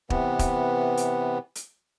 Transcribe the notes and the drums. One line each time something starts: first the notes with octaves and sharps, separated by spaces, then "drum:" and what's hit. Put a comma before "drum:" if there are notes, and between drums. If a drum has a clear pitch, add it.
C3 E3 B3, drum: kick
drum: kick, hi-hat
drum: hi-hat
drum: hi-hat